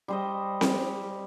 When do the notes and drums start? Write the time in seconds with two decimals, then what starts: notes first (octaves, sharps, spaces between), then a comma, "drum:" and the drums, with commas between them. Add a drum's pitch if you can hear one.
0.08 G3 C5 D#5
0.61 drum: snare C4